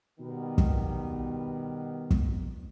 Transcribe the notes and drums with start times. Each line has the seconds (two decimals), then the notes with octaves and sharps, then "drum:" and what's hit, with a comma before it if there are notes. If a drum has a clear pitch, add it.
0.20 B2 D#3 G3 B3
0.58 drum: kick
2.11 drum: kick